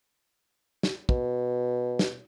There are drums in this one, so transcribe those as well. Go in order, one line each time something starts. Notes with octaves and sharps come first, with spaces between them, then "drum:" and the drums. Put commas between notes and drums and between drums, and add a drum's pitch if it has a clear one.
drum: snare
B2, drum: kick
drum: snare